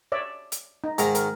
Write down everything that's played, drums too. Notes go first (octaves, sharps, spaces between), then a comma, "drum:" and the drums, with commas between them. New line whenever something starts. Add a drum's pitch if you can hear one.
C#5 D5 E5
drum: hi-hat
D#4
G#2 D#3 A#5, drum: hi-hat
A#4, drum: hi-hat